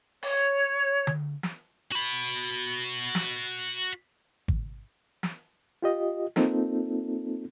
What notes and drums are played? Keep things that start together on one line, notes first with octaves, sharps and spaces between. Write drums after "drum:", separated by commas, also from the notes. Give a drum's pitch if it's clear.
C#5, drum: open hi-hat
drum: tom D3
drum: snare
F#4 B5
drum: snare
drum: kick G#1
drum: snare
F4 G4 D#5
A#3 C4 D#4 F4 A4, drum: snare